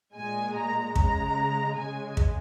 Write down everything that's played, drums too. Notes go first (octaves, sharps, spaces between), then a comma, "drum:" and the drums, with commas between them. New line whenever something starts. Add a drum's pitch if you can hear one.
A#2 G#3 G#5
A#5
C#3 G#3 A#5, drum: kick
C#3 G#3 G#5
drum: kick